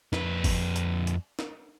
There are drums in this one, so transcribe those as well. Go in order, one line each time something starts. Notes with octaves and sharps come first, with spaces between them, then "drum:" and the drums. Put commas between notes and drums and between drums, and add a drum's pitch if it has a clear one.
F2 B4, drum: snare
drum: kick, open hi-hat
drum: hi-hat
drum: hi-hat
drum: snare